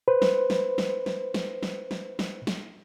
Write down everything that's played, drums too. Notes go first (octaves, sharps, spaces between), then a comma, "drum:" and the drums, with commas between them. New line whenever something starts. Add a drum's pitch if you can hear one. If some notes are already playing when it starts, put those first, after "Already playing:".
B4 C5
drum: snare
drum: snare
drum: snare
drum: snare
drum: snare
drum: snare
drum: snare
drum: snare
drum: snare